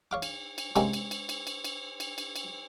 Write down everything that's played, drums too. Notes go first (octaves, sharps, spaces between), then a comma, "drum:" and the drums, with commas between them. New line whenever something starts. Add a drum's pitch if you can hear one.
C#5 F5 D6
drum: cymbal
drum: cymbal
C3 G#3 A#3 C4 C#4, drum: cymbal
drum: cymbal
drum: cymbal
drum: cymbal
drum: cymbal
drum: cymbal
drum: cymbal
drum: cymbal
drum: cymbal